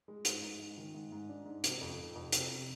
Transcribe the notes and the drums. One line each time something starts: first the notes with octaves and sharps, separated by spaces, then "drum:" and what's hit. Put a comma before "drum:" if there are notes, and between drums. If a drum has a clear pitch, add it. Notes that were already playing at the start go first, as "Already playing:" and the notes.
G#3
G#2, drum: hi-hat
G#2
G#2
D#3
G#2
G#2
D4
G#2
C3, drum: hi-hat
F2
C3
F2
C3, drum: hi-hat
C3